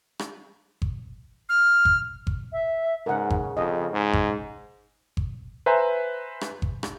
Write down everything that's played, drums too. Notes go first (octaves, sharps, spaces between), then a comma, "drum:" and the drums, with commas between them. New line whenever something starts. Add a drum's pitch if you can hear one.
drum: rim click
drum: kick G1
F6
drum: kick G1
drum: kick G1
E5
G#2 C#3 A#4 F#5
drum: kick G1
F2 D#5
G#2
drum: kick G1
drum: kick G1
B4 C5 E5 G#5 A#5
drum: rim click
drum: kick G1
drum: rim click